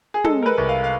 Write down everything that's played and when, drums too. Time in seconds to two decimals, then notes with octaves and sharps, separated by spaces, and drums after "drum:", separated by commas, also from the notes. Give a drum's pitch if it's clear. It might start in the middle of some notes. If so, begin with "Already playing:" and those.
0.14 G#4
0.24 G#3 A4, drum: tom
0.43 A#4
0.46 B4
0.58 C2
0.69 F5
0.84 F5